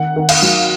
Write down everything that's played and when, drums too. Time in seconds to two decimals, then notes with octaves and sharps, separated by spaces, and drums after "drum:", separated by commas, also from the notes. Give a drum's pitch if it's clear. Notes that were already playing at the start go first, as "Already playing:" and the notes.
Already playing: D#3 F#5
0.16 D#3
0.29 F5, drum: cymbal
0.42 F#3